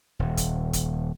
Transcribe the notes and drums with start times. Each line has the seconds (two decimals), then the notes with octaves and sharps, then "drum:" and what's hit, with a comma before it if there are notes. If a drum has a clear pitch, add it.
0.19 D#1
0.37 drum: kick, hi-hat
0.73 drum: kick, hi-hat